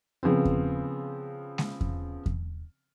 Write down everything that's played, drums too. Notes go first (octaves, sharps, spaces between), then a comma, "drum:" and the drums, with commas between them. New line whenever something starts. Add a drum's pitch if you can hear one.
C#3 F3 B3 C4
drum: kick E2
drum: snare G#3
drum: kick E2
drum: kick E2